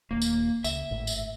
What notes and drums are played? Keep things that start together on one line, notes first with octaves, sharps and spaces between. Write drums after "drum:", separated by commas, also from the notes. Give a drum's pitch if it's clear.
D#1 D#2 A#3
drum: tambourine
C#2 E5, drum: tambourine
G#1 A2
drum: tambourine